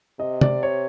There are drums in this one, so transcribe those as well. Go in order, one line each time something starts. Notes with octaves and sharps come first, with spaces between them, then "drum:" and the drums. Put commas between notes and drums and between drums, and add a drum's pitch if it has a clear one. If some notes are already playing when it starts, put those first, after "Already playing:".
C3 D#5
D5, drum: tom
C#5